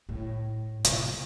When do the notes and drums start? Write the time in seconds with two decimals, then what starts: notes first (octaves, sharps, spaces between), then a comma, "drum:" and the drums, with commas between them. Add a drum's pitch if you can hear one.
0.09 A2
0.85 C3 E4, drum: hi-hat